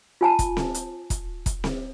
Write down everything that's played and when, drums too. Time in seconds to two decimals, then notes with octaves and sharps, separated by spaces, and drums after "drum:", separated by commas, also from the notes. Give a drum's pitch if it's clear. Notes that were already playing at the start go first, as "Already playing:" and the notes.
0.21 F4 G#5 A5
0.39 drum: kick E1, hi-hat
0.57 drum: snare C4
0.74 drum: hi-hat
1.10 drum: kick E1, hi-hat
1.46 drum: kick E1, hi-hat
1.64 drum: snare C4